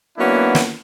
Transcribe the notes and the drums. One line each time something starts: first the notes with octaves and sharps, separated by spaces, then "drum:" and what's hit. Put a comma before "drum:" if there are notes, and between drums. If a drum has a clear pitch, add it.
F#3 A#3 B3 C#4 D4 E4
drum: snare